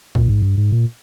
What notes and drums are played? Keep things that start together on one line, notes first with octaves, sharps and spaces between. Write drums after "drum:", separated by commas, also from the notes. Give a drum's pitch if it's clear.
A#2, drum: kick
G#2
G2
G#2
A#2